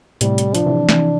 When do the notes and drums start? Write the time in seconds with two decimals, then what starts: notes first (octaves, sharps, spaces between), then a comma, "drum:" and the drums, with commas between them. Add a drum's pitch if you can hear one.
0.21 A2 C3 G3, drum: hi-hat
0.38 drum: hi-hat
0.55 F3 D4, drum: hi-hat
0.66 C3 E3
0.89 C3 E3, drum: snare